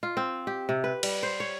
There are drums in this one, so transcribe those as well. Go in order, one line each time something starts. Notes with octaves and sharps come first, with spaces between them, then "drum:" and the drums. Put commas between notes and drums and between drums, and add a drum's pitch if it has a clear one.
F4
C4
G4
C3
B4
G3, drum: cymbal
C5
C#5